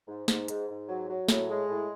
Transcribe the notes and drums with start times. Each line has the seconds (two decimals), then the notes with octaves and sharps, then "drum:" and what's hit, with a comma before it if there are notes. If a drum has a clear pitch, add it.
0.08 G#2
0.28 G#2, drum: snare
0.48 G#2, drum: hi-hat
0.69 G#2
0.88 F#3
1.08 F#3
1.28 A2, drum: snare
1.49 G#3
1.69 A2